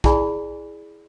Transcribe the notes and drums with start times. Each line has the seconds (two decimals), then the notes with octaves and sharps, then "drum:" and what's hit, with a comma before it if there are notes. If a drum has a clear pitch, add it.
0.04 E4 G#4 D5 G#5 B5, drum: kick